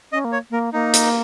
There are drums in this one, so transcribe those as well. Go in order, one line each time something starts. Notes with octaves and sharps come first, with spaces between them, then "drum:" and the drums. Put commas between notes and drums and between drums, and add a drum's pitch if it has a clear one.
C#4 D#5
A#3
C#5
A#3 A#4
A#3 D#4
drum: hi-hat